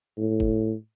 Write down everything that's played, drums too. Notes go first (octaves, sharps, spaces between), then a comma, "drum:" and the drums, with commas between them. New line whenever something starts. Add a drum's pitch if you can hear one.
A2
drum: kick